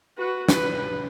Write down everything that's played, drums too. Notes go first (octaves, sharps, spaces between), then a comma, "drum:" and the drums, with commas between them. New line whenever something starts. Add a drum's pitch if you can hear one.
F#4 B4
B4, drum: snare